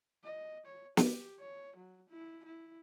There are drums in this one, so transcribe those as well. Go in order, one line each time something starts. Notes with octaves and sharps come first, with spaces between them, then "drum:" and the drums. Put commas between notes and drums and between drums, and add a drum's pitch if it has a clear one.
D#5
C#5
G4, drum: snare
C#5
F#3
E4
E4